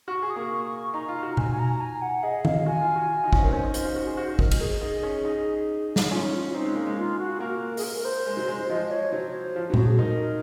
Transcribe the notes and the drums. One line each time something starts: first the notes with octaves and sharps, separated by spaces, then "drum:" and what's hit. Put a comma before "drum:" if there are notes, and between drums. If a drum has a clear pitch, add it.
F#4 C#6
G#4
D#6
A#3
C#6
C#6
C#6
D#4 A#5
F4
F#4
G#5, drum: tom B2
G#5
A#5
G#5
F#5
G#4 D#5
F5, drum: tom D#3
F#4 G#5
F4
F#4
F4
D#4
C#4, drum: kick
C4
A#4
C#4 C5
D#4
F4, drum: hi-hat
F#4
F#4
G#4
F#4
D#4
D#4 A#4, drum: kick
drum: cymbal
G#4
D#4 G#4
C#4
D#4
drum: snare
C#4 F4
D#4
F4
F4
C4 D#4
G#3
A#3
G#3
G#3 F4
F#4
A#3 A#4
G#4, drum: open hi-hat
A#4
A#4
C5
G#3
F#3
G#3
F#3
F3 D#5
C#5
F#3 C5
F3
F#3
F#4, drum: tom A#2
G#4
D#4 A#4